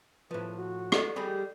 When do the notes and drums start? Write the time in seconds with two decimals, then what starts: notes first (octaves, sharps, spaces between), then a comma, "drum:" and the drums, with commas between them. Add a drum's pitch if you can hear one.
0.31 A2 F3 B4
0.57 F#4
0.92 A4 D5 D#5, drum: rim click
1.16 G3 G4 G#4 B5